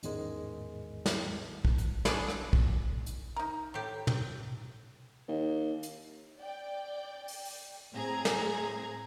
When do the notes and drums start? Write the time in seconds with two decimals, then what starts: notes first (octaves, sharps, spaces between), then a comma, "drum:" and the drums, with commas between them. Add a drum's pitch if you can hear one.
0.03 A1 E2 G#2 D#3 G#3, drum: hi-hat
1.06 drum: snare
1.65 drum: kick
1.78 drum: hi-hat
2.05 B2 D4 G#4 D5 B5 C#6, drum: snare
2.28 drum: rim click
2.53 drum: kick
3.06 drum: hi-hat
3.36 D#4 A#4
3.74 A2 G4
4.07 drum: tom
5.28 D#2
5.83 drum: hi-hat
6.40 D5 G5
7.28 drum: open hi-hat
7.45 drum: open hi-hat
7.94 A2 C4 G#4 A#5 G#6
8.25 drum: snare